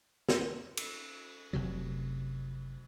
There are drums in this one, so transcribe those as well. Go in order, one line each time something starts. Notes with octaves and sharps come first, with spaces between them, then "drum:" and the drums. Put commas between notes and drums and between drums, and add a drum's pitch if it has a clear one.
drum: snare
drum: cymbal
F1 C3 F#3